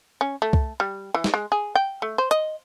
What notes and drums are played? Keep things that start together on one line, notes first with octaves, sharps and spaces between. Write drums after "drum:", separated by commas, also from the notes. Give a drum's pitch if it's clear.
C#4
A3
drum: kick C2
G3
E3
drum: snare
G#3
G#4
G5
A3
C5
D#5, drum: hi-hat